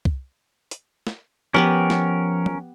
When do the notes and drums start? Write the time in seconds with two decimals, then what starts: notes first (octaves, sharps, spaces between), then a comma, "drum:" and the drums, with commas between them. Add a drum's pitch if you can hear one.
0.05 drum: kick
0.71 drum: hi-hat
1.07 drum: snare
1.54 F3 B3 C#4 G4 A#4 B4
1.90 drum: snare
2.46 drum: tom F3